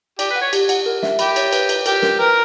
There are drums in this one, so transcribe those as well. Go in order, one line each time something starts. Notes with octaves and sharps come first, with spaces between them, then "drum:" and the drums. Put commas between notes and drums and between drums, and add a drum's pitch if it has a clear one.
G4 D5, drum: cymbal
B4
F#5
C#5
G4, drum: cymbal
F#5, drum: cymbal
A#4
E5, drum: snare
G4 B5, drum: cymbal
C#5, drum: cymbal
B4, drum: cymbal
B4, drum: cymbal
G4 A#4, drum: cymbal
A#4, drum: snare
A#4 B4